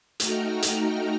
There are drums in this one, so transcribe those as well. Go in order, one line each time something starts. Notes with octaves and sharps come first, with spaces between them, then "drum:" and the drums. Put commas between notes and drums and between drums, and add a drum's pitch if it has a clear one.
A3 D#4 F#4 G5 A#5 F6, drum: hi-hat
drum: hi-hat